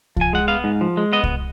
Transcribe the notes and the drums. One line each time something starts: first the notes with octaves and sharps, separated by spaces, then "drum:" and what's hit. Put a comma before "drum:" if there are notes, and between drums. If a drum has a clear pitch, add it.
F3 G#5, drum: kick C2
G#3 F#5
B3 F5
G#2
F3
G#3
B3 D#5
drum: kick C2